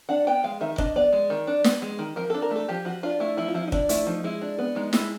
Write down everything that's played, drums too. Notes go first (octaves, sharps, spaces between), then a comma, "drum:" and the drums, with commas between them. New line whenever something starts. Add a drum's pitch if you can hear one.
D4 F#5
B3 G5
G#3 F5
D#3 E5
D4 D#5, drum: kick
B3 D5
G#3
D#3
D4
B3, drum: snare
G#3
D#3
F3 A#4
D4 A4
A#4
A3 A4
F3 G4
F3 F#4
D4 F4
A3 E4
F3 E4
F4
F3 E4
D#4
D4 E4, drum: kick
A3 E4, drum: hi-hat
F3 D#4
G#3 E4
D4
B3
G#3 D#4
G#3 E4, drum: snare